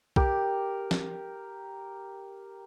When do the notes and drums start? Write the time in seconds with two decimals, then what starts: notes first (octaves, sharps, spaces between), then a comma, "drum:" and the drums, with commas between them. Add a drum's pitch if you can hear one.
0.16 G4 A#4, drum: kick B1
0.91 drum: snare